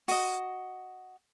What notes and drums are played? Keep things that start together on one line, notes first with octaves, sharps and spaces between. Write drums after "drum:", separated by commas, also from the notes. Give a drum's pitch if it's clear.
F#4 D#5, drum: open hi-hat